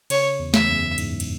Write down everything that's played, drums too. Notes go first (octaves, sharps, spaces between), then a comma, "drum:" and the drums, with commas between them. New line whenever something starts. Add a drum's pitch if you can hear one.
C#3 C#5, drum: cymbal
E2
E5, drum: snare
E2
F#2
G#2, drum: cymbal
drum: cymbal